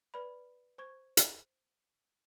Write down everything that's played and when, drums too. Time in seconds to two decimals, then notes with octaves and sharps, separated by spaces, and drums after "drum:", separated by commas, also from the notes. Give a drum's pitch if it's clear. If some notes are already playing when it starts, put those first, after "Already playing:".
0.14 B4 D5 B5
0.78 C5 C#6 G#6
1.17 drum: hi-hat